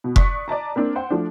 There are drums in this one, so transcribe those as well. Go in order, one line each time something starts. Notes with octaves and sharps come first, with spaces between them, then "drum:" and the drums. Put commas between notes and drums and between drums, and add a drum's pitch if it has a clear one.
B2
D5 C#6 D#6 F#6 B6, drum: kick F1
D5 D#5 A5 A#5
A#3 C4 D4 A#4
C5 F#5 G5
F3 A3 D4